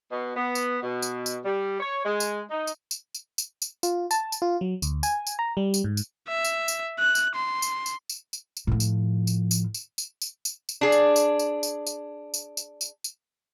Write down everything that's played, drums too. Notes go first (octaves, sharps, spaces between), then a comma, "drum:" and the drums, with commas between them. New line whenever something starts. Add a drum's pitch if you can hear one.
B2
B3
drum: tambourine
B2
drum: tambourine
drum: tambourine
G3
C#5
G#3
drum: tambourine
D#4
drum: tambourine
drum: tambourine
drum: tambourine
drum: tambourine
drum: tambourine
F4, drum: tambourine
A5, drum: tambourine
drum: tambourine
F4
F#3
D2, drum: tambourine
G#5, drum: tambourine
drum: tambourine
A#5
G3
drum: tambourine
G#2
drum: tambourine
E5
drum: tambourine
drum: tambourine
F#6
drum: tambourine
C6
drum: tambourine
drum: tambourine
drum: tambourine
drum: tambourine
drum: tambourine
A2 F3
drum: tambourine
drum: tambourine
drum: tambourine
drum: tambourine
drum: tambourine
drum: tambourine
drum: tambourine
drum: tambourine
D4 G#4
drum: tambourine
drum: tambourine
drum: tambourine
drum: tambourine
drum: tambourine
drum: tambourine
drum: tambourine
drum: tambourine
drum: tambourine